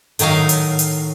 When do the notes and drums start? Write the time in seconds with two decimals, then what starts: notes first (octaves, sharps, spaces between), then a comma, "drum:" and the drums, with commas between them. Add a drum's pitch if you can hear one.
0.19 A2 D#3 F#3 D#4 F5, drum: hi-hat
0.49 drum: hi-hat
0.79 drum: hi-hat